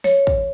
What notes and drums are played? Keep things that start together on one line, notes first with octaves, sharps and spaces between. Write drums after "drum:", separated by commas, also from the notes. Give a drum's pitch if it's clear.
C#5, drum: snare
drum: kick